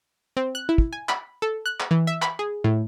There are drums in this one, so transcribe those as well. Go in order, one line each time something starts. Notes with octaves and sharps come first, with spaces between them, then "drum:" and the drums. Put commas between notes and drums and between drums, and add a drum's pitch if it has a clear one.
C4
F#6
E4
drum: kick
G#5
B5, drum: clap
A4
F#6
drum: clap
E3
E5
B5, drum: clap
G#4
A2